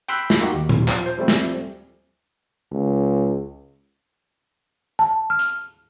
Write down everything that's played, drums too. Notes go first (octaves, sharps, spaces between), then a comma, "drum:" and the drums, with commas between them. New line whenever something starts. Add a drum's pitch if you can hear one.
G5 B5 C6 E6 F#6 B6, drum: hi-hat
drum: snare
A#3 D#4 F#4 G4
D#2
drum: tom A#2
F3, drum: clap
C5
F3 G3 A3 C4
drum: snare
C#2
A5
F6
drum: hi-hat